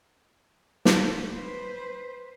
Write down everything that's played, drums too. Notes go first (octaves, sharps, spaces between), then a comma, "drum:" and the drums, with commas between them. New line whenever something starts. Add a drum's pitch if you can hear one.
drum: snare
B4 C5